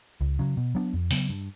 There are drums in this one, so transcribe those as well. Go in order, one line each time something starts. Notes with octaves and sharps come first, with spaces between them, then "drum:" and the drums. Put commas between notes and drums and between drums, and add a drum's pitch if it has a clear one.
C#2
C#3 F#3
B2
F#3 B3 D4
F2
C#3 F#3 B3, drum: open hi-hat
G2